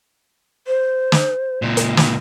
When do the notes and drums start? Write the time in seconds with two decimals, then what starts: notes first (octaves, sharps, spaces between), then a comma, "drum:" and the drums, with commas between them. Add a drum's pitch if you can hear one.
0.67 C5
1.12 drum: snare
1.62 C#2 A#2
1.77 drum: hi-hat
1.97 drum: snare